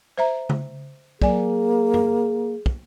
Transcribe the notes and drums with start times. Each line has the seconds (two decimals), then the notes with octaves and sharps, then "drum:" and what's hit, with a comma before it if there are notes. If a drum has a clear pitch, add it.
0.18 C5 E5 A#5
0.49 drum: tom C#3
1.22 F#3 A#3 G#4 D5 G#5, drum: kick
1.94 drum: tom
2.66 drum: kick